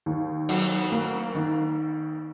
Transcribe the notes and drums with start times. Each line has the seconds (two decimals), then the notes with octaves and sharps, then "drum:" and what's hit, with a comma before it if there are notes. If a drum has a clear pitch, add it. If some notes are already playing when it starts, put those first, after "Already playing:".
0.06 D#2
0.49 F#3, drum: cymbal
0.92 A#3
1.35 D#3